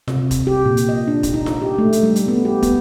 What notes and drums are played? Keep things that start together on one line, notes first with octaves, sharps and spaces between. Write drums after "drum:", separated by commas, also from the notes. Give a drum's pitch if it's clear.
C3, drum: snare F4
drum: kick, hi-hat
G4
A#2
drum: hi-hat
D#5
D4
drum: kick, hi-hat
D#4
drum: snare F4
G4
A3
drum: hi-hat
G3
drum: hi-hat
B3
G4
B3, drum: kick, hi-hat